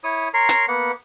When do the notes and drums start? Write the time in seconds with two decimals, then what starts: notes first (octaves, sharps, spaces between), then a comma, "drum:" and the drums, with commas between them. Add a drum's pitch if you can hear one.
0.04 E4 C#5 D#6
0.34 A#4 C#5 A#5 C6
0.49 drum: hi-hat
0.68 A#3 B3 F#5